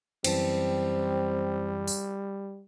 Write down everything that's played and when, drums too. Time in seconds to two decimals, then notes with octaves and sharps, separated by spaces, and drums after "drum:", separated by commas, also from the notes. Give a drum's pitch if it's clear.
0.24 F#2 E3 G3 C4 A5, drum: cymbal
1.88 drum: open hi-hat